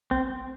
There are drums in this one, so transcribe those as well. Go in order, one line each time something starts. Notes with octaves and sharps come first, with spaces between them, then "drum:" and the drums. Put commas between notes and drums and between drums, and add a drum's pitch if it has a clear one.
C4, drum: kick